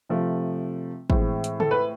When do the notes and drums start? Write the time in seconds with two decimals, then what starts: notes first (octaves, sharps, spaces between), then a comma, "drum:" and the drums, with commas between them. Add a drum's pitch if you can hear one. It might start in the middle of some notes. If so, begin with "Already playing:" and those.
0.09 C3 F3 A3
1.10 A2 E3 G#3 C4, drum: kick
1.44 drum: hi-hat
1.60 A4, drum: tom C#3
1.71 B4